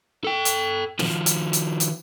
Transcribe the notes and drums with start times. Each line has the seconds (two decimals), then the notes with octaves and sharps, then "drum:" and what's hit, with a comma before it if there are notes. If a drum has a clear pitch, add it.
0.24 A4 G5
0.45 drum: hi-hat
0.99 D#3 F3, drum: snare
1.26 drum: hi-hat
1.53 drum: hi-hat
1.80 drum: hi-hat